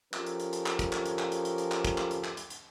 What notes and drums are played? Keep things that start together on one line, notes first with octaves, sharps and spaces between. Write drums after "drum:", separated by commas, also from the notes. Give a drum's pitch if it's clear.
F3 C#4 G4 A4 A#4, drum: clap
drum: hi-hat
drum: hi-hat
drum: hi-hat
drum: clap
drum: kick, hi-hat
drum: clap
drum: hi-hat
drum: clap
drum: hi-hat
drum: hi-hat
drum: hi-hat
drum: clap
drum: kick, hi-hat
drum: clap
drum: hi-hat
drum: clap
drum: hi-hat
drum: hi-hat